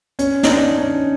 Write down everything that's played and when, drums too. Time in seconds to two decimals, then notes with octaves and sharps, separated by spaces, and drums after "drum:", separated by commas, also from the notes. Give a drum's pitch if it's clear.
0.19 C#4, drum: hi-hat
0.43 D#4, drum: snare
0.48 D4
0.78 C#4